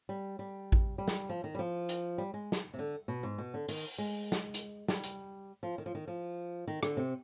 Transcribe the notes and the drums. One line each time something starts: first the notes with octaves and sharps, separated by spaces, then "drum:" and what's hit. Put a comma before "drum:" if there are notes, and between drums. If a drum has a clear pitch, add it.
G3
G3
drum: kick A1
G3
drum: snare
F3
D#3
G3
F3
drum: hi-hat
G3
G#3
drum: snare
C3
D3
B2
G#2
B2
D3
D#3, drum: open hi-hat
G#3
drum: snare
drum: hi-hat
G3, drum: snare
drum: hi-hat
F3
D#3
F3
D#3
F3
D#3
D3, drum: rim click
C3